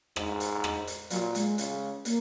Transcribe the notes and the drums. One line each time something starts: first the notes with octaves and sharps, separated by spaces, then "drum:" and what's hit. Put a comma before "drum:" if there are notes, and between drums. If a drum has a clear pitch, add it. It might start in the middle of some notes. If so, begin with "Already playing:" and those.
G#2, drum: rim click
drum: hi-hat
drum: rim click
drum: hi-hat
A#2 F#3, drum: hi-hat
G#3, drum: hi-hat
C#3, drum: hi-hat
A#3, drum: hi-hat